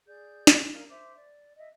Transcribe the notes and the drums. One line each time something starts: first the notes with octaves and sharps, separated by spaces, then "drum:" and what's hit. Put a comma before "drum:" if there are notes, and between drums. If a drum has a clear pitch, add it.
G#4 D5 G6
drum: snare
A#4 F5 F6
C5 E5 D6
D5
D#5 E5